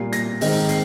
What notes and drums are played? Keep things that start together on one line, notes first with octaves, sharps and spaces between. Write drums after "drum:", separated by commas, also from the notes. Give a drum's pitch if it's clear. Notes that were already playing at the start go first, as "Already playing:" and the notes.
Already playing: A#2 G3 A#3 C7
A#6, drum: hi-hat
G#2 D#3 G#3 C4 D#4, drum: open hi-hat
C7, drum: hi-hat